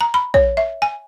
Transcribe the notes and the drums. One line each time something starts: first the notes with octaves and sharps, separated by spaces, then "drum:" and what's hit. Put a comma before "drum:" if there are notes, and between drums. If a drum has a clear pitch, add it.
A#5
B5
C#5, drum: kick
E5
G#5